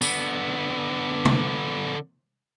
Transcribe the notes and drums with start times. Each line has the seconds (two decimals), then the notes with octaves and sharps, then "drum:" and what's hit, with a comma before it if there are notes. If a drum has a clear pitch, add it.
0.02 D3 B3, drum: tambourine
1.25 drum: tom